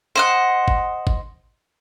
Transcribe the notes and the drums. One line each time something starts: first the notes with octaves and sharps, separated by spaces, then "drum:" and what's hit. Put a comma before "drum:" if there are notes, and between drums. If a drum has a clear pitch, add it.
C5 D#5 F#5
drum: kick G1
drum: kick G1